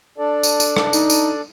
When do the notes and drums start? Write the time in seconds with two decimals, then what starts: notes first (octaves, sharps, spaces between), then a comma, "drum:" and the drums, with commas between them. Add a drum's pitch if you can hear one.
0.18 D4 A4 D5
0.43 drum: tambourine
0.60 drum: tambourine
0.77 drum: rim click
0.93 D#4, drum: tambourine
1.10 drum: tambourine